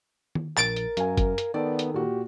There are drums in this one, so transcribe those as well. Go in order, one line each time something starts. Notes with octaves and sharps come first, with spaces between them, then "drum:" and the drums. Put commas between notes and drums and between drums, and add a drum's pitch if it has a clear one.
drum: tom D#3
A#1 A#4 A6 D7, drum: clap
drum: hi-hat
F#2 F5 G#5, drum: hi-hat
drum: kick, hi-hat
drum: hi-hat
D#3 B3 A4 D5
drum: hi-hat
A#2 F#4 G4